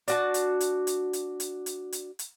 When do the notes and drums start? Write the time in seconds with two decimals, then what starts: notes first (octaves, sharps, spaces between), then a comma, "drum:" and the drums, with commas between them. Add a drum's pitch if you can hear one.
0.08 D4 F#4 A5, drum: hi-hat
0.34 drum: hi-hat
0.60 drum: hi-hat
0.87 drum: hi-hat
1.13 drum: hi-hat
1.40 drum: hi-hat
1.66 drum: hi-hat
1.92 drum: hi-hat
2.19 drum: hi-hat